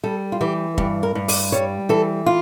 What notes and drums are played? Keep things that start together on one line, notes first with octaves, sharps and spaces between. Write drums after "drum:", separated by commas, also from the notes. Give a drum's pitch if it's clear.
G3 A4
F4
E3 G4
G2 G4, drum: kick
A#4
G2
D5, drum: open hi-hat
G3 C#5
E3 A4
F4